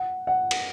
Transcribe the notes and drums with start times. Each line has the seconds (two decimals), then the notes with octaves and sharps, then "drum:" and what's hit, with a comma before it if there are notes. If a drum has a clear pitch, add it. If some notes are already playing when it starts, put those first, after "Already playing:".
Already playing: F#5
0.27 F#5
0.51 drum: cymbal